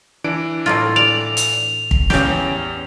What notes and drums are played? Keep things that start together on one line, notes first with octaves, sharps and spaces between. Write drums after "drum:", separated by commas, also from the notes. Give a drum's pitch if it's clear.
E3 D4 D7
A2 A#3 F4
D5 F7
drum: hi-hat
drum: kick
E2 C#3 C#4 G4, drum: snare